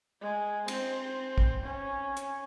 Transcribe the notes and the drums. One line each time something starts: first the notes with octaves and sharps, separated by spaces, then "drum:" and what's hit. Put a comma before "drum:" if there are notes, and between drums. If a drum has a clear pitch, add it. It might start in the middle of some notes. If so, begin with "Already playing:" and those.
G#3
C4, drum: cymbal
drum: kick
C#4
drum: hi-hat